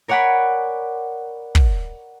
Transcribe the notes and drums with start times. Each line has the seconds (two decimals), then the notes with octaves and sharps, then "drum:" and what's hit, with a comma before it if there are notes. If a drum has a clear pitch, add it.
0.08 A#4 C#5 D5 F#5 G#5 B5
1.55 drum: kick